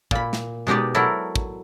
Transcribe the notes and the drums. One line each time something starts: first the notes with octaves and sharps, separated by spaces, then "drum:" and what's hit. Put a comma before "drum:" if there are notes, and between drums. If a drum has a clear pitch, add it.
A#2 B5, drum: kick
drum: snare
B2 G#3 D#4 G4 D5
F#3 E4 A4 A#4
drum: kick